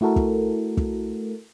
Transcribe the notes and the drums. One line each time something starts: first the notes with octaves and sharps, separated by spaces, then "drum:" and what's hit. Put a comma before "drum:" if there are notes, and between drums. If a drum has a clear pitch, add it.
A3 E4 F#4 A4 A#4
drum: kick
drum: kick